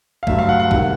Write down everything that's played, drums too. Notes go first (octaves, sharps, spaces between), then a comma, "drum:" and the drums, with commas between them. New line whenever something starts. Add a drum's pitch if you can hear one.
F5
G2 D3 F#3 A3 E5, drum: kick
F5
F#5
F#5
C2 C3 D#3, drum: kick